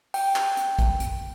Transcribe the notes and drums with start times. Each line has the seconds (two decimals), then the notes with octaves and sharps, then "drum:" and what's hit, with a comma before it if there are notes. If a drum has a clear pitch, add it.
0.14 G5, drum: open hi-hat
0.36 drum: clap
0.57 drum: hi-hat
0.79 drum: kick, hi-hat
1.00 drum: hi-hat